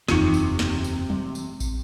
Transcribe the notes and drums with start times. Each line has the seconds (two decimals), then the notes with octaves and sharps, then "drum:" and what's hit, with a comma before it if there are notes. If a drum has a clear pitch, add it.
0.08 F#1 E2 C3 D#4 F4, drum: snare
0.34 drum: tambourine
0.59 drum: snare
0.84 drum: tambourine
1.10 drum: tom F#3
1.35 drum: tambourine
1.60 drum: kick A1, tambourine